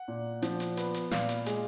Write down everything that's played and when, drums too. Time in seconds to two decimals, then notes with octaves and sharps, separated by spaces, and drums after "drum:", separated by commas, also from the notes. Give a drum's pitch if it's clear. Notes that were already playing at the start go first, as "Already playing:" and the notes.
Already playing: F#5
0.08 A#2
0.42 F3, drum: hi-hat
0.60 drum: hi-hat
0.77 B3, drum: hi-hat
0.94 drum: hi-hat
1.11 A#2 F5, drum: snare
1.29 drum: hi-hat
1.46 G#3, drum: hi-hat